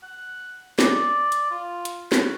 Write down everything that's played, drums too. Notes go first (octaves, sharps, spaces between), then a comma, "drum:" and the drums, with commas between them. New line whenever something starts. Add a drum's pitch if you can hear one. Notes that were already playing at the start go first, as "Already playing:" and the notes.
F#5
D5, drum: snare
drum: hi-hat
F4
drum: hi-hat
F#4, drum: snare